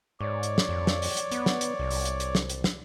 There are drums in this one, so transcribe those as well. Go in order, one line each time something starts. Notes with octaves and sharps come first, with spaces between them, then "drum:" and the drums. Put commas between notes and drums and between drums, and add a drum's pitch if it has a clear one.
G#2 C#5 D5
drum: hi-hat
drum: snare
F2
drum: snare
drum: open hi-hat
drum: hi-hat
B3, drum: hi-hat
drum: snare
drum: hi-hat
C2
drum: open hi-hat
drum: hi-hat
drum: hi-hat
drum: snare
drum: hi-hat
drum: snare